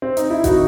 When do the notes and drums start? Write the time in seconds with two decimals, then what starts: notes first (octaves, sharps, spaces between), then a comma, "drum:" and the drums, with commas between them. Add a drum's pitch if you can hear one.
0.02 C4
0.17 D#4, drum: hi-hat
0.30 E4
0.44 D#3 F#3 D#4 F#4, drum: kick G1, hi-hat